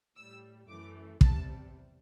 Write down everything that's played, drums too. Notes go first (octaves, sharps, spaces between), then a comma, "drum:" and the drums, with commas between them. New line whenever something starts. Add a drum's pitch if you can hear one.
A2 G3 E6
F#2 E3 A3 D6
E2 C3 G3 A5, drum: kick